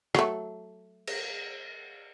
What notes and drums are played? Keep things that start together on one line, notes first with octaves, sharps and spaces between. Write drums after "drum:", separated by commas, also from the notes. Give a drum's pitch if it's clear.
F#3 A3, drum: rim click
drum: cymbal